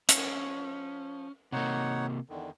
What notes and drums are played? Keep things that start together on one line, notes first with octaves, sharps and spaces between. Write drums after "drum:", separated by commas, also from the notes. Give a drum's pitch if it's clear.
F3 C#4, drum: hi-hat
C3 A#3 D#4 C#5 F#5
E2 D3 D#3